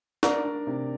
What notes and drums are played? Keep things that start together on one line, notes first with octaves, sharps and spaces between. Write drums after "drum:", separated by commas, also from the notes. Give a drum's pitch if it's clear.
D4 A#4 D5, drum: snare
D4
C3